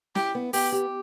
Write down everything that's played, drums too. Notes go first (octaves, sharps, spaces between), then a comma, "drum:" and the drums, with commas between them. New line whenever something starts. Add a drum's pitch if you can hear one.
E4 G4, drum: snare
B3
B3 G4, drum: open hi-hat
G4